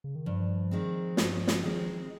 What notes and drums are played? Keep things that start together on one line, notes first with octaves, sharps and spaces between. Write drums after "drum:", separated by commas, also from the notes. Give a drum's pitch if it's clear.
C#3
D#3
G2 F3
D#3 G#3 C4
G2, drum: snare
drum: snare
D#3 G#3 C4